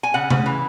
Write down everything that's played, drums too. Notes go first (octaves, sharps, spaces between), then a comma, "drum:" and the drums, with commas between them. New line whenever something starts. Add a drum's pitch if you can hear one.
G#5
C#3 F#5
C#3, drum: tom C3
E3